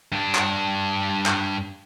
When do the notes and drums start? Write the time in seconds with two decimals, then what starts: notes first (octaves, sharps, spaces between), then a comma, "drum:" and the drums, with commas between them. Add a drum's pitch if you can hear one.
0.12 G2 D4
0.35 drum: clap
1.26 drum: clap